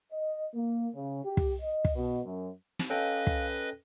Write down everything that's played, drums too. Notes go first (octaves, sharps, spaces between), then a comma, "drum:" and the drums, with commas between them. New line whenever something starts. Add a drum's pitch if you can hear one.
D#5
A#3
C#3
G4
drum: kick
D#5
drum: kick
B2
F#2
drum: snare
C#4 A4 B4 D#5 F5 G5
drum: kick